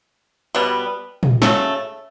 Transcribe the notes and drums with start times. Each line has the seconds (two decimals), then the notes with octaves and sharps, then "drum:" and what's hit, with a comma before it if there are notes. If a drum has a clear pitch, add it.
0.55 B2 G3 B3
1.23 drum: tom
1.42 C#3 F#3 A3, drum: snare